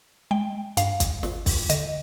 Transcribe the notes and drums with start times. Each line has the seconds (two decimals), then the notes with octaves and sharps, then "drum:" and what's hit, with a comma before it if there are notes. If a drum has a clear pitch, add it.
0.31 G#3 G5
0.77 G2 F5, drum: hi-hat
1.00 drum: kick, hi-hat
1.23 G#1, drum: snare
1.46 drum: kick, open hi-hat
1.70 D3 D#5, drum: hi-hat